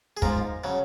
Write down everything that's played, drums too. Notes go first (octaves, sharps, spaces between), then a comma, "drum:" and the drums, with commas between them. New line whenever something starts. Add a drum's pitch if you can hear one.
G#4
G#2 F3 A#4, drum: kick
C#3 F#3